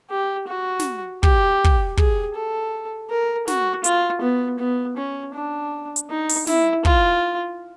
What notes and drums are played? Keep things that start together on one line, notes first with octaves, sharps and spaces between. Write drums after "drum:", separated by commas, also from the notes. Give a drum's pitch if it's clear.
G4
F#4
drum: snare
G4, drum: kick
drum: kick
G#4, drum: kick
A4
A#4
F#4, drum: snare
F4, drum: hi-hat
B3
B3
C#4
D4
drum: hi-hat
D#4
drum: open hi-hat
E4, drum: snare
F4, drum: kick